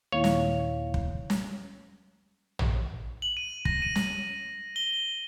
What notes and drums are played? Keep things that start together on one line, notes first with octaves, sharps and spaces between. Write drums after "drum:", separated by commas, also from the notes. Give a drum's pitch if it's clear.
D#2 A#2 D#3 E4 C#5 F5
drum: snare
drum: kick
drum: snare
drum: tom
F#7
D#7
A#6, drum: kick
D#7
D#7, drum: snare
G7